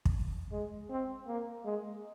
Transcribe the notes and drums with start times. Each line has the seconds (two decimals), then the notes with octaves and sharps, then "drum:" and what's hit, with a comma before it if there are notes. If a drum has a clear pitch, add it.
0.05 drum: kick
0.51 G#3
0.90 C4
1.27 A#3
1.64 G#3